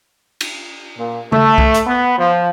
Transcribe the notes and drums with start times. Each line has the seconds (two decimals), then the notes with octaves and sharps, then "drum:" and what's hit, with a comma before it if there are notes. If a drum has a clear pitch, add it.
0.41 drum: cymbal
0.97 A#2
1.32 A3, drum: tom C#3
1.58 drum: kick C2
1.74 drum: hi-hat
1.86 B3
2.18 F3